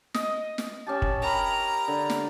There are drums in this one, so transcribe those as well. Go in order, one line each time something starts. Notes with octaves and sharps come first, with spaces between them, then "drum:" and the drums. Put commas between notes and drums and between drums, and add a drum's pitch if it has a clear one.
D#5, drum: snare
drum: snare
C#4 G4 A5
drum: kick
A#4 G5 A#5 B5
D3
drum: snare